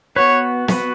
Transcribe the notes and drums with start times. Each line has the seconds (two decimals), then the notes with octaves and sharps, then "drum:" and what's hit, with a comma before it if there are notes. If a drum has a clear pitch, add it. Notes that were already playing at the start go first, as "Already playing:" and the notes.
0.16 B3 F#4 B4 C#5
0.68 B3 F#4 B4, drum: snare